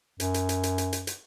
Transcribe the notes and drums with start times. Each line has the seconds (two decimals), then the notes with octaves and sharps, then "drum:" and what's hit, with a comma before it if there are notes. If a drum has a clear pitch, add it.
0.20 F#2, drum: hi-hat
0.34 drum: hi-hat
0.49 drum: hi-hat
0.63 drum: hi-hat
0.78 drum: hi-hat
0.93 drum: hi-hat
1.07 drum: hi-hat